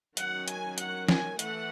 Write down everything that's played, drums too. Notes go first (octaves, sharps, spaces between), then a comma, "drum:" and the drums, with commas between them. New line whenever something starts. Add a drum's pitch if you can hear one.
D#3 F#3 C#4 F#5, drum: hi-hat
G#5, drum: hi-hat
F#5, drum: hi-hat
G#5, drum: snare
E3 A3 F#5, drum: hi-hat